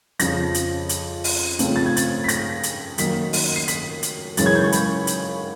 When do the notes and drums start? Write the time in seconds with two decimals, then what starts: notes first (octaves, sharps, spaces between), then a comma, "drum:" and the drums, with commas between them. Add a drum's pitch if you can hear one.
0.19 F2 C#3 F3 A#6, drum: hi-hat
0.54 drum: hi-hat
0.89 drum: hi-hat
1.24 drum: open hi-hat
1.59 C#3 F3 A3 C4, drum: hi-hat
1.76 A6
1.86 G#6
1.97 A6, drum: hi-hat
2.24 B6
2.29 A#6, drum: hi-hat
2.63 drum: hi-hat
2.98 F#2 D#3 F#3 A#3 D#4 B6, drum: hi-hat
3.33 drum: open hi-hat
3.56 C7
3.68 B6, drum: hi-hat
4.03 drum: hi-hat
4.37 F#2 C#3 E3 G#3 C#4 A6, drum: hi-hat
4.46 G#6
4.55 G6
4.63 C#6
4.72 B5, drum: hi-hat
5.07 drum: hi-hat